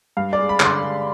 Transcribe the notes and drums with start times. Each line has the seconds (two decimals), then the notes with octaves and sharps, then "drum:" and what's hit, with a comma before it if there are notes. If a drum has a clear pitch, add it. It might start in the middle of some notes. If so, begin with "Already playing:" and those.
0.17 G2 F5
0.33 D5
0.38 G#3
0.49 B5
0.60 D3, drum: clap
0.65 C6
0.82 G#3